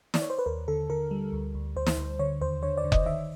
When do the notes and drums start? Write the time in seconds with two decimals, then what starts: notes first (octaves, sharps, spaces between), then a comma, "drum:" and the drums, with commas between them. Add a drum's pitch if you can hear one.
0.14 D5, drum: snare
0.22 C#5
0.30 C5
0.39 B4
0.46 D#2 A#4
0.68 D3 A4
0.90 D3 A#4
1.11 G3
1.33 D2
1.55 D2
1.76 D2 C5
1.87 drum: snare
1.98 D2
2.19 D3 C#5
2.41 D#2 C5
2.63 D3 C#5
2.77 D5
2.84 D3
2.92 D#5, drum: kick F1
3.06 D#3 E5